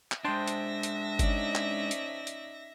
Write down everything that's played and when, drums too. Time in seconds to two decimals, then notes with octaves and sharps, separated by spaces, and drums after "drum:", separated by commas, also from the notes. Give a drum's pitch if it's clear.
0.12 drum: clap
0.25 G#3 D4 C5 E5 G5 A5 A#6
0.48 drum: hi-hat
0.83 drum: hi-hat
1.19 C#4 D#4 D5, drum: kick G1, hi-hat
1.55 drum: clap
1.91 drum: hi-hat
2.27 drum: hi-hat